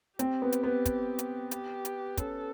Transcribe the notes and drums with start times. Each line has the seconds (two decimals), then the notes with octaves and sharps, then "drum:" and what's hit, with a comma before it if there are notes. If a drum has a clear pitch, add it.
0.19 C4 G4, drum: hi-hat
0.42 B3
0.52 drum: hi-hat
0.64 B3
0.86 drum: kick, hi-hat
1.19 drum: hi-hat
1.51 G4, drum: hi-hat
1.85 drum: hi-hat
2.17 C#4 A4, drum: kick, hi-hat